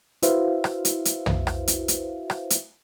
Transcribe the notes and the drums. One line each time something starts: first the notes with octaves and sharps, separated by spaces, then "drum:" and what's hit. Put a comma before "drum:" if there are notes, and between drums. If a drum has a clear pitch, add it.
E4 F#4 B4 C5 E5 F5, drum: hi-hat
drum: rim click
drum: hi-hat
drum: hi-hat
drum: tom
drum: rim click
drum: hi-hat
drum: hi-hat
drum: rim click
drum: hi-hat